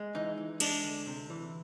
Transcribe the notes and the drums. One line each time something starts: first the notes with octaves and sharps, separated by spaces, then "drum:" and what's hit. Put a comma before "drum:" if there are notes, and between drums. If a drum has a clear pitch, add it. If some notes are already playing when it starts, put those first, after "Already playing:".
Already playing: G#3
E3 D#4
E3
G#3 D4, drum: cymbal
D2
C3
E3